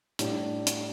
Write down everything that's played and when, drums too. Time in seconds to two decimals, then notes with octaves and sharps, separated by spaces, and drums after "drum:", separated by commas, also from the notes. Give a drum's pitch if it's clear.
0.19 A2 G3 D4, drum: hi-hat
0.67 drum: hi-hat